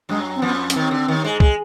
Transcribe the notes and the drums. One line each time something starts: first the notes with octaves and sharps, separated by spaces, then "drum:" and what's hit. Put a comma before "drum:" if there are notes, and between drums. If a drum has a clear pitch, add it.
F#2 F#3 G#3
C4
F2 F3 B3
C#4, drum: hi-hat
D#2 D#3 C4
D3
D#2 D#3
G#2 G#3
G#3, drum: kick C2